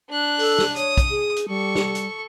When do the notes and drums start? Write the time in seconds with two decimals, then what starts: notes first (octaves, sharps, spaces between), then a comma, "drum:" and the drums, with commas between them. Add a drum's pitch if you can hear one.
0.10 D4 F#6
0.39 A4, drum: open hi-hat
0.58 drum: snare
0.76 C#5 D#6, drum: hi-hat
0.97 drum: kick, hi-hat
1.10 G#4
1.36 drum: hi-hat
1.49 G3 A4 C#6
1.75 drum: snare
1.95 drum: hi-hat